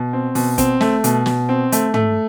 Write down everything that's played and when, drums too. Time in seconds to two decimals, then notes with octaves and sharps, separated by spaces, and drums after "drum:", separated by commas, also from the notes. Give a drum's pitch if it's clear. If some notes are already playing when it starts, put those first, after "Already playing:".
Already playing: B2
0.13 C4
0.35 B2, drum: open hi-hat
0.58 C4, drum: kick, hi-hat
0.81 A3, drum: snare
1.04 B2, drum: hi-hat
1.26 B2, drum: snare
1.49 C4
1.72 A3, drum: hi-hat
1.94 A3, drum: tom